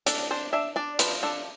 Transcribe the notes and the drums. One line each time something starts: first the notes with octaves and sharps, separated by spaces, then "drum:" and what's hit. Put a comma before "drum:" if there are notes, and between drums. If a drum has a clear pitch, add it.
D4 A4, drum: hi-hat
D4 C5
D4 E5
D4 D5
F3 B4, drum: hi-hat
D4 A4